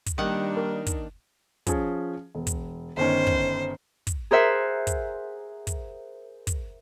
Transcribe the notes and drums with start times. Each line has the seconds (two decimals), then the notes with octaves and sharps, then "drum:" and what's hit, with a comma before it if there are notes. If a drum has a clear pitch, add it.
0.06 drum: kick, hi-hat
0.18 D#3 G3 A#3 D4 D#4 F#5
0.57 A#4
0.86 drum: kick, hi-hat
1.67 F3 C#4 G#4, drum: kick, hi-hat
2.35 E1
2.47 drum: kick, hi-hat
2.97 G1 D#3 C#4 C5
3.27 drum: kick
4.07 drum: kick, hi-hat
4.31 G#4 A#4 C5 E5 F#5
4.87 drum: kick, hi-hat
5.67 drum: kick, hi-hat
6.47 drum: kick, hi-hat